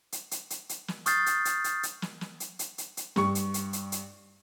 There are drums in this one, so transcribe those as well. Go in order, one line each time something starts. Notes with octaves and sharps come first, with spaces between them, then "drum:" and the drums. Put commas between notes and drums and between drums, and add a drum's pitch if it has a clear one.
drum: hi-hat
drum: hi-hat
drum: hi-hat
drum: hi-hat
drum: snare
C#6 D#6 F6 G6 A6 C7, drum: hi-hat
drum: hi-hat
drum: hi-hat
drum: hi-hat
drum: hi-hat
drum: snare
drum: snare
drum: hi-hat
drum: hi-hat
drum: hi-hat
drum: hi-hat
G2 C#6, drum: snare
drum: hi-hat
drum: hi-hat
drum: hi-hat
drum: hi-hat